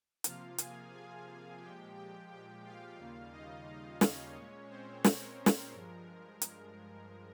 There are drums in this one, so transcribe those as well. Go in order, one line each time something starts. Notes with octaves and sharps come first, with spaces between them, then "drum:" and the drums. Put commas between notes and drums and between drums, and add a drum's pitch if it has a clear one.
C3 F3 A#3 F4 F5, drum: hi-hat
G#4 G#5, drum: hi-hat
G#4 G#5
A#2 F3 G#3 G4 G5
G4 G5
G4 G5
F4 F5
D#2 C#3 G3 A#3
D#4 D#5
C#4 C#5, drum: snare
A#2 G#3
C4 C5
A#4, drum: snare
drum: snare
G2 F3 G#3 A#4
A#4, drum: hi-hat